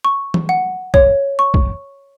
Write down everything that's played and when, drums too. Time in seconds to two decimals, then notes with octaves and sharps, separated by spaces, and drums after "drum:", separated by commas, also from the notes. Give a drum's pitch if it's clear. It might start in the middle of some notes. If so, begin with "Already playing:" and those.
0.05 C#6
0.34 drum: tom
0.49 F#5
0.94 C#5, drum: kick
1.39 C#6
1.54 drum: kick